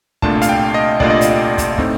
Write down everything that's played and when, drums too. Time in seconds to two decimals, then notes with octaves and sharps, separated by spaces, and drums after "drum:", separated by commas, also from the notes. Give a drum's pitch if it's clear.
0.22 C2 A#2 A3 D4 F4 A5, drum: kick
0.42 F5, drum: hi-hat
0.49 G5
0.74 D#5
1.00 C2 A#2 A3 D4 F4 D5, drum: kick
1.10 D#5
1.21 D5, drum: hi-hat
1.58 drum: kick, hi-hat
1.78 A2 A3 C4 D#4, drum: kick